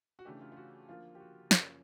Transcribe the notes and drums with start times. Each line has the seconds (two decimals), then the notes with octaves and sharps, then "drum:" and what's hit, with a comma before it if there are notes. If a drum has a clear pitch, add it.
0.19 F#4
0.25 C#3 E3 A3 D4 G4
0.41 F4
0.52 F4
0.56 F#4
0.88 D3 F3 A#3 F4
1.15 G4
1.20 F#4
1.51 F#2 C#3 F3 A#3 C#4, drum: snare